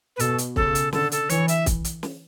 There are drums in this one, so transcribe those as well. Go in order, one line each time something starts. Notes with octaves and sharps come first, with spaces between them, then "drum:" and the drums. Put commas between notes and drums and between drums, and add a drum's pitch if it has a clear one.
B4
B2 A4, drum: hi-hat
drum: hi-hat
C#3 A4, drum: kick
drum: hi-hat
D3 A4, drum: snare
A4, drum: hi-hat
E3 C#5, drum: hi-hat
E5, drum: hi-hat
drum: kick, hi-hat
drum: hi-hat
drum: snare